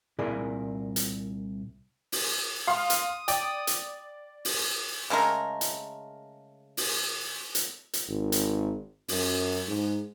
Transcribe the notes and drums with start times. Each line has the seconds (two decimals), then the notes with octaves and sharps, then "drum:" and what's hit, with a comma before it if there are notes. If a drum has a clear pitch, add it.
0.19 C2 A#2 E4 G#4 A#4 D5
0.96 drum: hi-hat
2.12 drum: open hi-hat
2.68 F5 C6 D#6
2.90 drum: hi-hat
3.28 D5 G5, drum: hi-hat
3.67 drum: hi-hat
4.45 drum: open hi-hat
5.10 C#3 G#3 A3 A#4
5.61 drum: hi-hat
6.77 drum: open hi-hat
7.55 drum: hi-hat
7.93 drum: hi-hat
8.08 G#1
8.32 drum: hi-hat
9.08 F#2, drum: open hi-hat
9.67 G#2